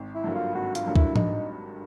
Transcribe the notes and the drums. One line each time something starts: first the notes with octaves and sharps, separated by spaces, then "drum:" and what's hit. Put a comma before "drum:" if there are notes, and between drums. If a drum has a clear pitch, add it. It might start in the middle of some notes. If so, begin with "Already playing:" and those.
Already playing: G#1
E4
G2 D3 F#3 A#3
F4
G#1 F#4
F4, drum: hi-hat
G2 D3 F#3 A#3
E4, drum: kick C#2
D#4, drum: tom A2